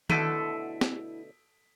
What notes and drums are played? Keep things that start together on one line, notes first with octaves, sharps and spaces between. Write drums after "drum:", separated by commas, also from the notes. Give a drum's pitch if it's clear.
B2 D3 A3 E4 A4 B6 D7 D#7, drum: tom D#3
drum: snare